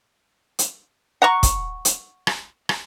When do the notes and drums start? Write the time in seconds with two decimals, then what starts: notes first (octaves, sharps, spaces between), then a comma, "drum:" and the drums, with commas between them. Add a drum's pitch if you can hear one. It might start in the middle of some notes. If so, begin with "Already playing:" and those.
0.59 drum: hi-hat
1.22 F#5 A#5 C#6
1.43 drum: kick, hi-hat
1.85 drum: hi-hat
2.27 drum: rim click
2.69 drum: rim click